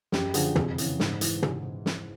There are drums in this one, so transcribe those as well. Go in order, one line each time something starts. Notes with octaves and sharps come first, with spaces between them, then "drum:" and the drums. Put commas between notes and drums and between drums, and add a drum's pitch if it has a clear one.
F#2 G4, drum: snare
D3 F3 G#4, drum: hi-hat
F2, drum: tom
C#3 E3, drum: hi-hat
G#2, drum: snare
E3, drum: hi-hat
drum: tom
drum: snare